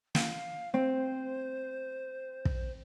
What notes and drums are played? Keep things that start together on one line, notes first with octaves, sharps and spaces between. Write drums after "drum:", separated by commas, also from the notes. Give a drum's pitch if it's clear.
F5, drum: snare
C4 C5
drum: kick